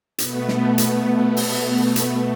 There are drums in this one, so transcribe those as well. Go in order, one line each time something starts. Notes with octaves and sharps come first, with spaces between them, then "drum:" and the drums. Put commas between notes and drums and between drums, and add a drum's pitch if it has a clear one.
B2 A3 B3, drum: hi-hat
drum: snare
drum: hi-hat
drum: open hi-hat
B3, drum: hi-hat